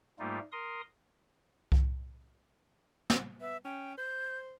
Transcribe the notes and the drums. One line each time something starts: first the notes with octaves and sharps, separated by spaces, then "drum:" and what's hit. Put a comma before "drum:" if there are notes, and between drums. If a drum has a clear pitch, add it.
G#2 G3 A3 A#3 D#4 F4
A#4 C6 D#6
drum: kick C2
drum: snare
B3 E5
C#4 G5
C5 G6